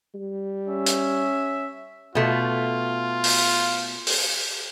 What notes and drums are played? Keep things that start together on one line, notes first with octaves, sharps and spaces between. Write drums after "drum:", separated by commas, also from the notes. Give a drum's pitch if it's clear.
G3
C#4 E5
drum: hi-hat
B2 A3 F4
drum: open hi-hat
drum: open hi-hat